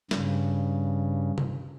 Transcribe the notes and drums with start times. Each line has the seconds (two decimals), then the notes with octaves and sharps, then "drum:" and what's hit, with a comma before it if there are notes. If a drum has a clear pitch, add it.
0.11 G2 C#3, drum: snare
1.38 drum: tom C3